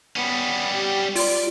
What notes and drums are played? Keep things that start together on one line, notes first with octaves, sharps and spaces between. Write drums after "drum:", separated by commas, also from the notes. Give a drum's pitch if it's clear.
G3 B3 C#4
G4
F4 D5, drum: open hi-hat